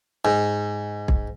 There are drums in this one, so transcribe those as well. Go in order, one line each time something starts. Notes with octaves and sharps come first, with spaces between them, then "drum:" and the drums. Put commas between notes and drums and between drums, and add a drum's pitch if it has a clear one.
G#2
drum: kick